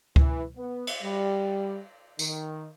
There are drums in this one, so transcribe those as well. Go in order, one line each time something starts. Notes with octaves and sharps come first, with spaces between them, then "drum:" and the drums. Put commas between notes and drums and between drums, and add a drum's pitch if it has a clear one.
E3, drum: kick C#2
B3
drum: cymbal
G3
D#3, drum: tambourine